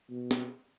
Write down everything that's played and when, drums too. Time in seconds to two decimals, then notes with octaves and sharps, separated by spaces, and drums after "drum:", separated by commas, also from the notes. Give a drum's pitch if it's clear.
0.10 B2
0.31 drum: snare